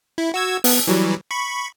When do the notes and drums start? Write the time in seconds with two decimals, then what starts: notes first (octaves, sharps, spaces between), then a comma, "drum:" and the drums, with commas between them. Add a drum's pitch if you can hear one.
0.18 E4
0.34 F#4 E6 G#6
0.64 B3, drum: open hi-hat
0.87 E3 F#3 G3
1.31 B5 C#6